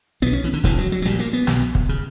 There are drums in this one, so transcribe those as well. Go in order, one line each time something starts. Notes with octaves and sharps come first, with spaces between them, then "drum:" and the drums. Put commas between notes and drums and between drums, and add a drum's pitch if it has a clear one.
B1 B2 B3
C#4
E3
D3
E1 D2 C#3 E3, drum: kick
F#3
F#3
F#3
A#1 A#2 G3
A#3
B3
B1 B2, drum: snare
drum: kick
C#3